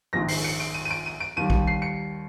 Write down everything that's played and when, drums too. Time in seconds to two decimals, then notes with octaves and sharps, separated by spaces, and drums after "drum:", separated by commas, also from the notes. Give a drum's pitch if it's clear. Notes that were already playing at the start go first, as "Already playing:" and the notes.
0.13 A#1 G#2 D#3 G#3 A#6
0.28 C7, drum: open hi-hat
0.44 C#7
0.60 D7
0.74 D#7
0.85 D#7
0.91 D7
1.06 D#7
1.20 D7
1.37 D#2 D#3 G3 D#7
1.50 drum: kick
1.67 C7
1.82 C#7